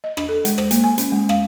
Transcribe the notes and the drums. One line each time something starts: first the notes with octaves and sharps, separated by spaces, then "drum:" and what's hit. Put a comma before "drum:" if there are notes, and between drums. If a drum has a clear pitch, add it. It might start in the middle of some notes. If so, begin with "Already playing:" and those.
D#5
D4, drum: rim click
A4
G#3, drum: hi-hat
C5, drum: rim click
A#3, drum: hi-hat
G#5
C#4, drum: hi-hat
G#3
F5, drum: rim click